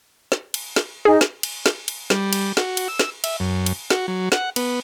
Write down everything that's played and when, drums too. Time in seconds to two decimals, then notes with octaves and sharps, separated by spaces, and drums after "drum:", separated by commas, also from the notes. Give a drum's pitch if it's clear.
0.32 drum: snare
0.54 drum: cymbal
0.76 drum: snare
1.05 D#4 G#4 D#5
1.21 drum: snare
1.43 drum: cymbal
1.66 drum: snare
1.88 drum: cymbal
2.10 G3, drum: snare
2.33 drum: cymbal
2.57 F#4, drum: snare
2.77 drum: cymbal
2.88 E6
2.99 drum: snare
3.24 E5, drum: cymbal
3.40 F#2
3.66 drum: cymbal
3.90 F#4, drum: snare
4.08 F#3
4.32 F#5, drum: snare
4.56 B3, drum: cymbal